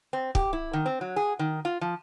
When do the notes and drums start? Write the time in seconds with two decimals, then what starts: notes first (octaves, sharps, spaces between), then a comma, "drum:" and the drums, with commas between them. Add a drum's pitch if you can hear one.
0.13 C4
0.35 G4, drum: kick
0.53 E4
0.73 D#3
0.86 C4
1.01 F#3
1.16 G#4
1.39 D#3
1.65 F4
1.81 F3